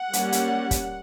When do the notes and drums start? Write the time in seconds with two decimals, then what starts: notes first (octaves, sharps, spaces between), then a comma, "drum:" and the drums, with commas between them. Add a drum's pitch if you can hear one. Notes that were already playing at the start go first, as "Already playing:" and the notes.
Already playing: F#5
0.13 G3 A#3 C#4, drum: hi-hat
0.32 drum: hi-hat
0.71 drum: kick, hi-hat